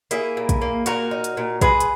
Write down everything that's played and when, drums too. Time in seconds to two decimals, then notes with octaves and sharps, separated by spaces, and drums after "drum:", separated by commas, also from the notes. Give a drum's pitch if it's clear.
0.11 A#3 E4 G#4, drum: hi-hat
0.37 A#2
0.49 drum: kick, hi-hat
0.62 A#3
0.86 A#2 F#4 A#4, drum: hi-hat
1.11 D#4
1.24 drum: hi-hat
1.37 A#2
1.61 G#3 G#4 B4, drum: kick, hi-hat
1.80 drum: hi-hat